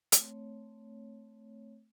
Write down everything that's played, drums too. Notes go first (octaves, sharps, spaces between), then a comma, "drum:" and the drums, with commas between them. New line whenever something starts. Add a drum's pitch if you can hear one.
A3 C4 C#5, drum: hi-hat